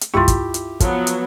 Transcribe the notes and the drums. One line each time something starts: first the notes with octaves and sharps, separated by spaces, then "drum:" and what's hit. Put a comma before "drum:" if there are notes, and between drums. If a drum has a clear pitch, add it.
drum: hi-hat
C#2 G2 E4 F4 G4 C#6
drum: kick, hi-hat
drum: hi-hat
F3 F#3 B3, drum: kick, hi-hat
drum: hi-hat